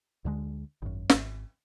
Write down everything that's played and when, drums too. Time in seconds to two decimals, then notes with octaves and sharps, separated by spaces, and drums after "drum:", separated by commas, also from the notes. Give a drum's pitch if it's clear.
0.25 D2 D3 G#3
0.82 G#1 F#2
1.10 D#1 G#1, drum: snare